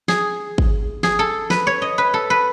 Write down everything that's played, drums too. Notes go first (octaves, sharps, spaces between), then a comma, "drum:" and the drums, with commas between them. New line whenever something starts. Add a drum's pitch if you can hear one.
G#4, drum: snare
drum: kick
G#4, drum: snare
A4
B4, drum: snare
C#5
D#5
B4
A4
B4